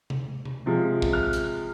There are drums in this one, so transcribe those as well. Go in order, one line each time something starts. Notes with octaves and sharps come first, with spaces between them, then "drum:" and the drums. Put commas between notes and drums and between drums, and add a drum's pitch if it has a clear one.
drum: tom C3
drum: tom C3
C3 F3 G#3
drum: kick A1
F6
drum: hi-hat